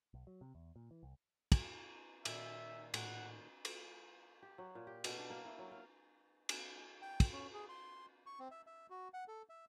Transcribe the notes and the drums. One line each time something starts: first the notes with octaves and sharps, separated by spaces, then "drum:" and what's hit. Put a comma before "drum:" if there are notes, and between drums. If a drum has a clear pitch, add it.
B1
F#3
C3
E2
A#2
E3
C2
drum: kick, cymbal
A#2 D#3 E5, drum: cymbal
A2 F#5, drum: cymbal
drum: cymbal
G4
F#3
A#2
G4
B2, drum: cymbal
D4
A#3
E4
F#3
F5
drum: cymbal
G5
drum: kick, cymbal
C#4
G#4
C6
C#6
C4
E5
E5
F#4
F#5
A4
E5